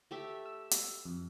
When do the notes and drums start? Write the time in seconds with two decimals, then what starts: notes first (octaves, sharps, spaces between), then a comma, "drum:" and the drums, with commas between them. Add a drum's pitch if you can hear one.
0.11 A3 G4 E5
0.46 E6
0.71 drum: hi-hat
1.05 F2